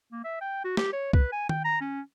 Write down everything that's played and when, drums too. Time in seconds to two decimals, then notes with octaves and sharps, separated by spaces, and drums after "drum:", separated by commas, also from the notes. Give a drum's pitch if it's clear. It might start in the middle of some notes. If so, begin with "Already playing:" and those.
0.12 A#3
0.24 E5
0.41 G5
0.64 F#4
0.77 G4, drum: snare
0.93 C#5
1.13 B4, drum: kick C2
1.33 G#5
1.49 G5, drum: tom D#3
1.64 A#5
1.81 C#4